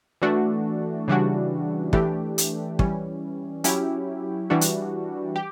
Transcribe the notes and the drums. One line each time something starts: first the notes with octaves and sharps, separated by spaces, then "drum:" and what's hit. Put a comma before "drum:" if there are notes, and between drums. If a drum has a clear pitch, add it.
E3 A3 D4 F#4
C#3 E3 G3 D4 F#4
E3 A3 D4 G4, drum: kick
drum: hi-hat
E3 G3 C#4, drum: kick
F#3 C#4 E4 G4, drum: hi-hat
E3 G3 D4 F#4
drum: hi-hat
G4